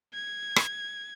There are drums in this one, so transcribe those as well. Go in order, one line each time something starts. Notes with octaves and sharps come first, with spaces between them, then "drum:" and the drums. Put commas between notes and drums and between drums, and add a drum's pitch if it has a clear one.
G#6
drum: rim click